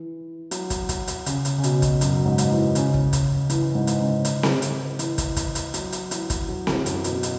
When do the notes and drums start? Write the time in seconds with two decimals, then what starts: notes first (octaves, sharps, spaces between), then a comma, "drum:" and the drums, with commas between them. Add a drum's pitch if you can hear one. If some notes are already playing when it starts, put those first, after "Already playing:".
Already playing: E3
0.51 F#3, drum: hi-hat
0.70 drum: kick, hi-hat
0.89 drum: kick, hi-hat
1.08 drum: hi-hat
1.26 C#3, drum: hi-hat
1.45 drum: hi-hat
1.58 C#3
1.63 B2, drum: hi-hat
1.82 drum: kick, hi-hat
2.01 F#2, drum: hi-hat
2.25 G#2
2.38 drum: hi-hat
2.51 E3
2.75 C#3, drum: hi-hat
2.94 drum: kick
3.13 drum: kick, hi-hat
3.50 E3, drum: hi-hat
3.75 G#2
3.87 drum: hi-hat
4.00 C#3
4.25 drum: hi-hat
4.43 drum: snare C4
4.62 drum: hi-hat
4.99 E3, drum: hi-hat
5.18 drum: kick, hi-hat
5.37 drum: kick, hi-hat
5.55 drum: hi-hat
5.74 F#3, drum: hi-hat
5.92 drum: hi-hat
6.11 E3, drum: hi-hat
6.30 drum: kick, hi-hat
6.48 F#3
6.67 E3, drum: snare C4
6.86 F#2, drum: hi-hat
7.04 B2, drum: hi-hat
7.23 drum: hi-hat